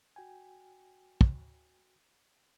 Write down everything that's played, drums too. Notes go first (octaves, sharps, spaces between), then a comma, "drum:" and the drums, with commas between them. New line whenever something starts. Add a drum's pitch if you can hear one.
F#4 G5 G#5
drum: kick